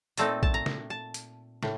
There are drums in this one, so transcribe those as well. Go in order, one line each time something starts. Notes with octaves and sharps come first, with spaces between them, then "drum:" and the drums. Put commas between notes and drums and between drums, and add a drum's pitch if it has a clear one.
A#2 A3 C4 D#4 A5, drum: hi-hat
A5, drum: kick A#1
A#5
drum: snare
A5
drum: hi-hat
A2, drum: snare